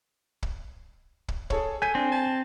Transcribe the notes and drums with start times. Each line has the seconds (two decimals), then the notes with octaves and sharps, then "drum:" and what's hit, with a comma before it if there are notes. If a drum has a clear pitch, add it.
0.43 drum: kick
1.28 drum: kick
1.50 G#4 A4 C#5, drum: kick
1.82 A4 G#5 G6 B6 D#7
1.95 C4 D4
2.11 A5